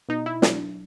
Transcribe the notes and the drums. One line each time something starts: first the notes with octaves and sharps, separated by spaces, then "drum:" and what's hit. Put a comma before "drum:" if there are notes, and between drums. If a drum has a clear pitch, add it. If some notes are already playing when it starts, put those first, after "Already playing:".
B2 D#4
E4
F#3 D4, drum: snare